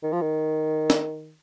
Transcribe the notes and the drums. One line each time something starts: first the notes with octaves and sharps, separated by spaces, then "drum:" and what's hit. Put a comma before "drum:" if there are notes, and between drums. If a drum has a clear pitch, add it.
D#3
F3
D#3
drum: snare